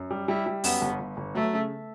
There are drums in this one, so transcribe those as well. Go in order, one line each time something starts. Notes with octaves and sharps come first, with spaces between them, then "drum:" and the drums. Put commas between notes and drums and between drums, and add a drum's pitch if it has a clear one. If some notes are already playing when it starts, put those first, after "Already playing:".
Already playing: F#2
G3
G3 E4
G3
F#2 B3, drum: open hi-hat
G1
G1
G1
F#3 A3
C#3